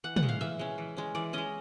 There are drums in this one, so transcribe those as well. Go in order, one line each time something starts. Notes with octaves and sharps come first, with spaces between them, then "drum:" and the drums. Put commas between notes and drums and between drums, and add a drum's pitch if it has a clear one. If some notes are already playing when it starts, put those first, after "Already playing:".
E3 F#5
F#5, drum: tom
G#3 C#4
F5
E3 E5
G#3 C#4
E3
G#3 C#4
E3 D5
G#3 C#4 D#5